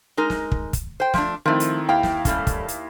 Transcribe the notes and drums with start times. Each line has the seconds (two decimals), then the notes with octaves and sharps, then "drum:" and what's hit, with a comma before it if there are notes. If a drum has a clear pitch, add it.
0.17 G#3 D#4 A#4
0.30 drum: snare
0.52 drum: kick
0.73 drum: kick, hi-hat
1.00 C5 G5
1.14 F3 A3 D4, drum: snare
1.46 D#3 F3 A3 C4 E4
1.60 drum: hi-hat
1.89 D#2 E4 F5 G5
2.03 drum: snare
2.25 G3 A3 C#4, drum: kick, hi-hat
2.47 drum: kick, hi-hat
2.68 drum: hi-hat